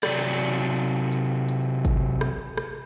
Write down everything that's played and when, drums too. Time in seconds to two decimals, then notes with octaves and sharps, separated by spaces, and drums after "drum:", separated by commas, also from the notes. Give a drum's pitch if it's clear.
0.03 C3 F#3 D5, drum: rim click
0.39 drum: hi-hat
0.76 drum: hi-hat
1.12 drum: hi-hat
1.48 drum: hi-hat
1.85 drum: kick, hi-hat
2.21 drum: rim click
2.57 drum: rim click